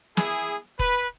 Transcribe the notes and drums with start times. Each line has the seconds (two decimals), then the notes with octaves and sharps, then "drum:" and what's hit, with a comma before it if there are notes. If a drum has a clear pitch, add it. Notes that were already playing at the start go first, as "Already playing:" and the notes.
0.17 E4 G#4, drum: snare
0.79 B4, drum: kick E1